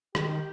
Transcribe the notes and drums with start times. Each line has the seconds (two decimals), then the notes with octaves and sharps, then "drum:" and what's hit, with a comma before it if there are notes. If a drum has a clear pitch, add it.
0.15 D#3 G4, drum: rim click